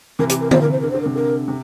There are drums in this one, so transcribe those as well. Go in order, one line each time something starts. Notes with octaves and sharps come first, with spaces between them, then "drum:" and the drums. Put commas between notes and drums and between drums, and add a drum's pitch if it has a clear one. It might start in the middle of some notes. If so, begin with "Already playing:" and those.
C3 E3 A#4
G4, drum: hi-hat
A#4
C5, drum: tom D3
A#4
C5
D3 A#4
D3 C5
A#4
C3
D3 A#4
C3